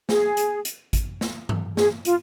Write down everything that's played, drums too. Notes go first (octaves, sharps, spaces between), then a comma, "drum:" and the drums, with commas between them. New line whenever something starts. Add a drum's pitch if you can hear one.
G#4, drum: snare
drum: hi-hat
drum: hi-hat
drum: kick G#1, hi-hat
drum: snare
drum: tom G2
G#4, drum: snare
F4, drum: hi-hat